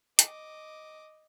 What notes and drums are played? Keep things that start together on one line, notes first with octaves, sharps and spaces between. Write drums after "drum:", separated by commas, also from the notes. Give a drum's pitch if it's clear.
D#5 D6, drum: hi-hat